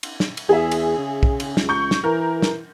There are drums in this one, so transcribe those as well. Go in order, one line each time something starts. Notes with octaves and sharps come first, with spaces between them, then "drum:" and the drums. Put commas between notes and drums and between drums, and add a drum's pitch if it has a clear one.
drum: cymbal
drum: snare
drum: cymbal
E2 G#4 E5
drum: cymbal
C#3
drum: kick
drum: cymbal
C#2, drum: snare
C#6 G6
drum: snare
E3 A#4
drum: snare